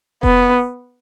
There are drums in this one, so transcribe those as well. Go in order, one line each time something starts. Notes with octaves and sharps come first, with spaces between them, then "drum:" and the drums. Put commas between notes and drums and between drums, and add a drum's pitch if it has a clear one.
B3, drum: kick F1